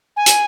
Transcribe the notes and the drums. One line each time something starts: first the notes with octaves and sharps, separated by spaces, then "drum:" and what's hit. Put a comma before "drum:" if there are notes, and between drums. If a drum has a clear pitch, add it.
G#5
drum: hi-hat